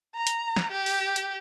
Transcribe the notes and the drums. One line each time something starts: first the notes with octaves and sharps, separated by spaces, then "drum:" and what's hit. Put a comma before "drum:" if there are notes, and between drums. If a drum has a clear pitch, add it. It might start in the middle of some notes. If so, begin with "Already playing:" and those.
A#5
drum: hi-hat
drum: snare
G4
drum: open hi-hat
drum: hi-hat